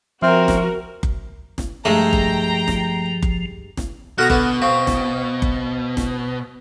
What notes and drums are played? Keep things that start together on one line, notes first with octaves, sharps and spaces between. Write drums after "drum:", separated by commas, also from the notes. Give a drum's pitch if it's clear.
F3 C4 F#4 A#4 E5 C6 F6
drum: snare
drum: kick F#1
drum: snare
G2 F3 G#3 A3 G5 A#5
drum: kick F#1
drum: snare
drum: kick F#1
drum: snare
B2 F#4 A4 F#5 A#5 F6 F#6
D3 B3, drum: kick F#1
C4 F5 C#6
drum: snare
drum: kick F#1
drum: snare